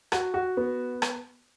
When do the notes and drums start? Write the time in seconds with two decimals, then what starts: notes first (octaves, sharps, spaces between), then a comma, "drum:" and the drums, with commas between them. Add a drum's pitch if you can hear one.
0.12 F#4, drum: rim click
0.34 F#4
0.57 B3
1.02 drum: rim click